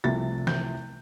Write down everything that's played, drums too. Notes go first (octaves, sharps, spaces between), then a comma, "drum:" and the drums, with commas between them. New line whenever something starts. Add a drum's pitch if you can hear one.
C2 C3 F3 A3 A6
G6, drum: snare E3